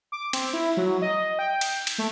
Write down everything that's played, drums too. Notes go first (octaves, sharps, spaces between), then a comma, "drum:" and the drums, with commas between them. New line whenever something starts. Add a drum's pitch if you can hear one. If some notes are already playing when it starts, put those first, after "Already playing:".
D6
C4, drum: cymbal
E4
F#3
D#5
G5
drum: cymbal
drum: cymbal
A3